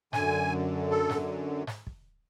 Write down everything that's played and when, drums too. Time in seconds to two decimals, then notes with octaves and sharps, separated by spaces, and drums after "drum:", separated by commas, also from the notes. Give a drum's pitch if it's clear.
0.13 F#2 D3 G#5, drum: snare G#2
0.90 A4
1.10 drum: snare G#2
1.67 drum: snare G#2
1.87 drum: kick